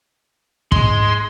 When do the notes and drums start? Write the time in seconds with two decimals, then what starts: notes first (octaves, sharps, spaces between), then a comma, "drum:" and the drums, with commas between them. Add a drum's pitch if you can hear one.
0.72 G#2 G#3 C6, drum: kick